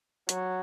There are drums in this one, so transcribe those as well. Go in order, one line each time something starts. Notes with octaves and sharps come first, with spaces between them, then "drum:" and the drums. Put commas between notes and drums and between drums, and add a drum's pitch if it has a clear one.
F#3, drum: hi-hat